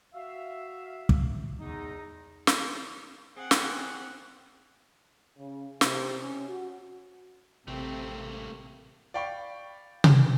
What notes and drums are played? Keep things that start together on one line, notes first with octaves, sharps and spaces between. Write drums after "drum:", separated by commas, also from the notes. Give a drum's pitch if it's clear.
F#4 E5 F5
drum: kick
E2 D#4
drum: snare
C4 G#4 F#5
drum: snare
C#3
C3, drum: snare
C#4
F#4
A1 C3 A3 A#3 C4
D5 F5 G5 B5 C#6
drum: tom C3